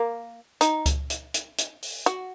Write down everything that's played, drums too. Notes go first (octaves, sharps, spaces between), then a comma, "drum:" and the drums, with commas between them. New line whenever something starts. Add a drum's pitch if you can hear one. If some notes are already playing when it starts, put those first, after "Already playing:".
Already playing: A#3
D#4, drum: hi-hat
drum: kick C#2, hi-hat
drum: hi-hat
drum: hi-hat
drum: hi-hat
drum: open hi-hat
F#4, drum: hi-hat